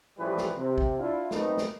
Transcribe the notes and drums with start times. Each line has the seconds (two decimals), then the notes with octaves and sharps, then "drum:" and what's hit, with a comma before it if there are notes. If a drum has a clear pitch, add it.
0.18 A1 E3 F3 G3 G#4 B4
0.38 drum: snare
0.56 C3
0.78 drum: kick
0.99 D4 E4 F4
1.31 F#2 A3 B3 C4 D#4, drum: snare
1.58 drum: snare